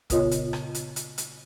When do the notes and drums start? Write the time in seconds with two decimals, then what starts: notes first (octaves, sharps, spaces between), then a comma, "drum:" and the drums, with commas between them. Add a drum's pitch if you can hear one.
0.10 A#2 C#3 B3 F4 C#5 D#5, drum: kick, hi-hat
0.31 drum: hi-hat
0.53 drum: rim click
0.75 drum: hi-hat
0.96 drum: hi-hat
1.18 drum: hi-hat